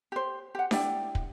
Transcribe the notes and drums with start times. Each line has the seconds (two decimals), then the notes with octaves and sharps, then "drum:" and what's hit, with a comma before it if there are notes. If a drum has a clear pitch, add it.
0.12 G4 C5
0.55 G4 F#5
0.71 E4 G4 D5 G5, drum: snare D4
1.15 drum: kick